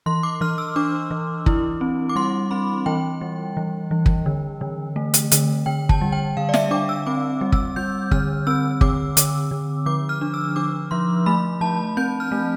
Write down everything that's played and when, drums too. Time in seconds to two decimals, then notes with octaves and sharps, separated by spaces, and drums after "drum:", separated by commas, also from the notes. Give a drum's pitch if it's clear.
0.06 E3 C6
0.23 D6
0.41 E3 F6
0.58 E6
0.76 D4 D6
1.11 E3
1.46 E4, drum: kick
1.81 C4
2.09 D6
2.16 G3 C6
2.51 C4 B5
2.86 E3 G5
3.21 G3
3.57 E3
3.91 E3
4.06 drum: kick
4.26 D3
4.61 D3
4.96 A3
5.14 drum: hi-hat
5.32 D3, drum: hi-hat
5.66 D3 G5
5.89 A5, drum: kick
6.01 G3
6.12 G5
6.37 D3 F5
6.49 D5
6.54 E5, drum: snare
6.71 D4 D6
6.89 E6
7.06 C4 D6
7.41 G3
7.52 E6, drum: kick
7.76 G3 G6
8.11 D3 F6, drum: kick
8.47 C4 E6
8.81 D3 D6, drum: kick
9.17 D3, drum: hi-hat
9.51 D3
9.86 F3 D6
10.09 F6
10.21 D4
10.34 E6
10.56 D4 D6
10.91 F3 C6
11.26 A3 B5
11.61 F3 A5
11.97 C4 G6
12.20 F6
12.32 A3